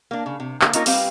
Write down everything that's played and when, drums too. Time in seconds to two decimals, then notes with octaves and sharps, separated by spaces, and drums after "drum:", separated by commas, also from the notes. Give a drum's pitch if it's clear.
0.11 A#3 D4
0.26 C#3
0.40 C3
0.61 D3 G#3 A#3, drum: clap
0.74 A#3 C#4 D#4 F4 G#4 A#4, drum: hi-hat
0.86 G3 C4 G4 B4 F5, drum: open hi-hat